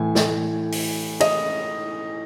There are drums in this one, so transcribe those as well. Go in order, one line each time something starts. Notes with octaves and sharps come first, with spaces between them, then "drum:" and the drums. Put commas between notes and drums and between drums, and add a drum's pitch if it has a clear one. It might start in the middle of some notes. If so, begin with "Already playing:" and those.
Already playing: A2 E3 G#5
drum: snare
drum: open hi-hat
D#5, drum: cymbal